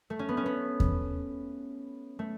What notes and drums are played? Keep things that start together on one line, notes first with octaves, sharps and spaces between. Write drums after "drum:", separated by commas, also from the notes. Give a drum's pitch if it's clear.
A3
C#4
B3
C#4
B3
drum: kick E2
A3